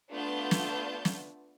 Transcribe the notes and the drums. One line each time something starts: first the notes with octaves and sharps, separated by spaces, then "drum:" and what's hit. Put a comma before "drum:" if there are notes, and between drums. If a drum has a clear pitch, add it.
A3 B3 D4 F4 A5 G6
drum: snare
drum: snare